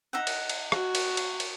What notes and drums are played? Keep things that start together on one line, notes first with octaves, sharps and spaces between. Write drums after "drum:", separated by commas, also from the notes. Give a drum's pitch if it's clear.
D#4 E5 F#5
drum: cymbal
drum: cymbal
F#4, drum: rim click
drum: cymbal
drum: cymbal
drum: cymbal